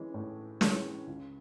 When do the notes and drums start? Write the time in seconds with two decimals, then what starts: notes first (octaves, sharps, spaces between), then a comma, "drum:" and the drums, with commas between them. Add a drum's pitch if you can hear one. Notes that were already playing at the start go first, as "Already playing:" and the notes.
Already playing: E3 G#3 C#4
0.14 A2
0.61 E3 G#3 C#4, drum: snare
1.07 C#2